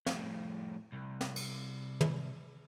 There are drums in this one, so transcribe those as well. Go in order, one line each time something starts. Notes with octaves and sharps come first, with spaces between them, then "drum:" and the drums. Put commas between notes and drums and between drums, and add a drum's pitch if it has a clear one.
F2 A2, drum: snare
C2
drum: snare
drum: cymbal
drum: tom